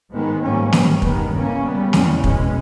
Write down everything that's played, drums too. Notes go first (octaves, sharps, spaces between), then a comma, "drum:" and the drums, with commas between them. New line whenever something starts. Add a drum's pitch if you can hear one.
G#2 D#3 G#3 B3
G#2 G3 A#3 C#4
G#2 G3 B3, drum: snare
G2 D#3 G#3 B3, drum: kick
C#3 E3 A#3 C#4
C#3 G3 B3
E2 C#3 G#3 C#4, drum: snare
B2 G#3 C#4, drum: kick